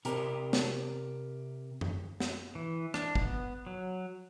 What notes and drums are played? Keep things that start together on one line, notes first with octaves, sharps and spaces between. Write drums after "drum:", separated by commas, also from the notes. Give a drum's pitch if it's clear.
C3 G4 A#4, drum: hi-hat
drum: snare
drum: tom F#2
drum: snare
E3
D4, drum: rim click
B3, drum: kick
F#3